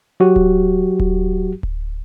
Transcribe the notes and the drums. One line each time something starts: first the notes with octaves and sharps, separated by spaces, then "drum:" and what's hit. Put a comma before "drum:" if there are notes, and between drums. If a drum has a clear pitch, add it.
F#3 F#4 G4
drum: kick D1
drum: kick D1
drum: kick D1